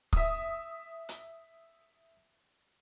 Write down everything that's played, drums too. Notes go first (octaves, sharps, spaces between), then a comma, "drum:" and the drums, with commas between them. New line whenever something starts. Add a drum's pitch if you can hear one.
E5 D#6, drum: kick
drum: hi-hat